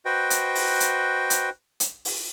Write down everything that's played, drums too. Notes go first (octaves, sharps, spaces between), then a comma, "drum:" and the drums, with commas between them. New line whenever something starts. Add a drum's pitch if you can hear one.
F#4 B4 C5 D#5 G5
drum: hi-hat
drum: open hi-hat
drum: hi-hat
drum: hi-hat
drum: hi-hat
drum: open hi-hat